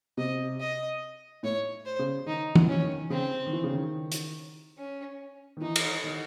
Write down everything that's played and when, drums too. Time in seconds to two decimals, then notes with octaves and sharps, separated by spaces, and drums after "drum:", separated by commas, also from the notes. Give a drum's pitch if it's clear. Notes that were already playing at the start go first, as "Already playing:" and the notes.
0.17 C3 D#5
0.60 D#5
1.43 A2 C#5
1.85 C5
1.99 C#3
2.26 D#3 D#4
2.55 E3, drum: tom
2.69 C#4
2.83 D#3
3.10 C#3 C4
3.46 D#3
3.53 E3
3.64 C#3
3.73 D#3
4.12 drum: hi-hat
4.77 C#4
5.57 D#3
5.61 E3 D#4
5.76 drum: cymbal
6.04 D#3